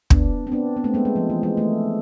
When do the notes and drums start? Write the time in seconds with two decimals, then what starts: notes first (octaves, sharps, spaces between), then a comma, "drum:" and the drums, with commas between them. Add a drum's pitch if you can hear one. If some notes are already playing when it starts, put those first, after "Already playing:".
0.10 B3 D4, drum: kick
0.47 C4
0.52 B3 D4
0.77 B3
0.84 A3 C4
0.94 G#3 B3
1.05 G#3
1.16 F3
1.30 E3
1.43 G#3
1.57 A3